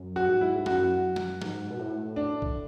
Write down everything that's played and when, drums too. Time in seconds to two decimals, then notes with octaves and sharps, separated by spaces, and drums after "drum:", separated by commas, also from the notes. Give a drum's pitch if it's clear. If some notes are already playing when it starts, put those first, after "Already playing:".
Already playing: F#2
0.16 F#4
0.29 G#2
0.41 E4
0.55 G#2
0.66 F#2 F#4, drum: snare
1.16 drum: snare
1.42 G#2, drum: snare
1.70 B2
1.79 A2
2.16 D4
2.42 drum: kick B1